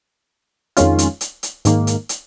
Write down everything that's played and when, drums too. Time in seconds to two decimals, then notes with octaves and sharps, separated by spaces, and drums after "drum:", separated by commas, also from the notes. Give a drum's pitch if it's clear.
0.77 F2 D#3 G#3 C#4 F4, drum: hi-hat
0.99 drum: hi-hat
1.21 drum: hi-hat
1.43 drum: hi-hat
1.65 G#2 D#3 A#3, drum: hi-hat
1.87 drum: hi-hat
2.09 drum: hi-hat